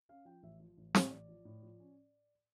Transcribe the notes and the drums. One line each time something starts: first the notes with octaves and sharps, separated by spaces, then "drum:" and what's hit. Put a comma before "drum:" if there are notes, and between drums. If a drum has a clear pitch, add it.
C#4 F5
F3 G5
A1 E5
F3
A1
A2, drum: snare
C#5
A1 D5
F3
A2
F3
C#4